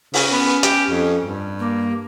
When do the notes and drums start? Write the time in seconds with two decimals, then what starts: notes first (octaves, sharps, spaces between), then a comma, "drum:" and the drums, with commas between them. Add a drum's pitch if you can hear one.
0.14 C#3 C#4, drum: open hi-hat
0.32 B3
0.63 G4, drum: hi-hat
0.90 F2
1.24 G2
1.59 A#3